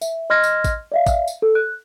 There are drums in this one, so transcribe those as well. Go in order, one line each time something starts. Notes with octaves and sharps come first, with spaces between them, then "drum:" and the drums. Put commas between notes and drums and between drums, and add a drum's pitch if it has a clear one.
E5, drum: tambourine
D#5 C6 F6 G#6 A#6
drum: tambourine
drum: kick A1, tambourine
D5 E5 F5
drum: kick A1, tambourine
drum: tambourine
A4
F#6